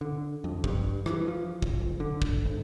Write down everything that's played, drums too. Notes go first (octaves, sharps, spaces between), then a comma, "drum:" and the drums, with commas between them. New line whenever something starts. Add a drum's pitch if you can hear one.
D3
F2
G2, drum: kick
E3, drum: rim click
F3
drum: kick
F#1
D3
drum: kick
G#1